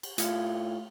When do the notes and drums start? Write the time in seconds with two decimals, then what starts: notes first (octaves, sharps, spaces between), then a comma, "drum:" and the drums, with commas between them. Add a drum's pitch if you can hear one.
0.03 drum: cymbal
0.18 A2 F4, drum: hi-hat